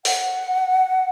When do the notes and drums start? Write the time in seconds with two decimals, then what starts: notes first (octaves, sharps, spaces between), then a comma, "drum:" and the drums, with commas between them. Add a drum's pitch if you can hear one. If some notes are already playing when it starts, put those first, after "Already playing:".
0.05 F#5, drum: open hi-hat